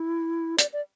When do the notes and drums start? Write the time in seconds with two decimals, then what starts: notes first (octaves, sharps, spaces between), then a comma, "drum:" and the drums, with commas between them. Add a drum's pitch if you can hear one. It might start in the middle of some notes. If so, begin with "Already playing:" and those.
Already playing: E4
0.59 D5, drum: hi-hat
0.73 D5